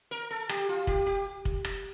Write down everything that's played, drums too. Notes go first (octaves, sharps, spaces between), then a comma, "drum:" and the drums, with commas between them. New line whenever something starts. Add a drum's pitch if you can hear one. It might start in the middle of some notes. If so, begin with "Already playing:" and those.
A#4
A4
G4, drum: rim click
F4
G4, drum: kick
G4
drum: kick
drum: rim click